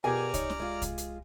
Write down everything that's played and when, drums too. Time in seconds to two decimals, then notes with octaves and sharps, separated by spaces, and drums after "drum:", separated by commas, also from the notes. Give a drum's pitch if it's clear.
0.04 B2 G4 G#4 A#4 D5 G#5 A#5 F6
0.34 D#4 C#5, drum: kick C2, hi-hat
0.50 drum: snare
0.60 G#3 F4
0.82 drum: kick C2, hi-hat
0.98 drum: hi-hat